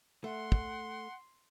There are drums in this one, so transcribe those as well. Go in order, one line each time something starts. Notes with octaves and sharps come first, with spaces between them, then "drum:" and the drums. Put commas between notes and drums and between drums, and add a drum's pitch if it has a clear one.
A3 F#5 C6
drum: kick